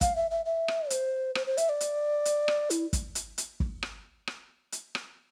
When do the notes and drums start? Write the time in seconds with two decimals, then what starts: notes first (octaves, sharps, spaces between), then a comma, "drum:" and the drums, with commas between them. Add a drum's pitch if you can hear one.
0.01 F5, drum: kick, hi-hat
0.16 E5
0.31 E5
0.46 E5
0.68 drum: rim click
0.90 C5, drum: hi-hat
1.35 C5, drum: rim click
1.47 C5
1.57 E5, drum: hi-hat
1.69 D5
1.81 drum: hi-hat
2.25 drum: hi-hat
2.48 drum: rim click
2.70 E4, drum: hi-hat
2.93 drum: kick, hi-hat
3.15 drum: hi-hat
3.38 drum: hi-hat
3.60 drum: kick
3.83 drum: rim click
4.27 drum: rim click
4.72 drum: hi-hat
4.95 drum: rim click